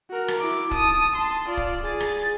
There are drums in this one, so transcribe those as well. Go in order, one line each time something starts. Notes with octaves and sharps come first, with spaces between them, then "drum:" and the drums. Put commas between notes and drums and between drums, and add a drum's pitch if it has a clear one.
F#4 A#4
drum: rim click
E4 D6
A5 D#6, drum: kick
A5 C6
F4 D5
drum: kick
G#4 A6
drum: rim click